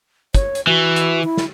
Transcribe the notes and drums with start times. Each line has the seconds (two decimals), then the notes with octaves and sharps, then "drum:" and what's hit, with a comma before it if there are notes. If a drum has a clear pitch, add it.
0.34 C#5, drum: kick, hi-hat
0.55 drum: hi-hat
0.67 E3 F#4
0.96 drum: hi-hat
1.24 E4
1.37 drum: snare